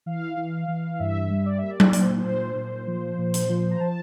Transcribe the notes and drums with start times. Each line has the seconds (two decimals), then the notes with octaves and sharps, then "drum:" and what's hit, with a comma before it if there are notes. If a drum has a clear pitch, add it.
0.06 E3 F5
0.37 E3
0.68 E3
0.99 G2 E5
1.31 G3
1.46 D5
1.58 A#3 E5
1.70 D5
1.80 drum: tom F#3
1.93 A#2 D5, drum: hi-hat
2.02 C5
2.19 C5
2.25 A#2
2.56 A#2
2.87 F3
3.18 A#2
3.34 drum: hi-hat
3.49 F3
3.71 A#5
3.80 F3 A5